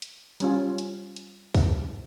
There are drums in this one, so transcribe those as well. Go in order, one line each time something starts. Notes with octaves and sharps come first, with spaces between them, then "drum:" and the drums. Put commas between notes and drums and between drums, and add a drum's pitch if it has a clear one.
drum: hi-hat
G3 C#4 F4, drum: hi-hat
drum: hi-hat
drum: hi-hat
drum: kick, open hi-hat